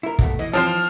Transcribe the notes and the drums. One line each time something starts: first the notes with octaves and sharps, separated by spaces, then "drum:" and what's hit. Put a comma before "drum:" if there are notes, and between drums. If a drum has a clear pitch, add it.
E4 A#4
D#2 B2 A3, drum: kick
E3 D#5
F3 C4 C5 F6